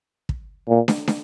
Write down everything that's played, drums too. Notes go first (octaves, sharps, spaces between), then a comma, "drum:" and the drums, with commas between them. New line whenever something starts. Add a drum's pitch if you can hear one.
drum: kick
A#2
drum: snare
drum: snare